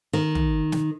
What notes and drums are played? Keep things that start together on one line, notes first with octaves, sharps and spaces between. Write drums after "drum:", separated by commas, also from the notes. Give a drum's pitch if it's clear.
D#3
drum: tom
drum: snare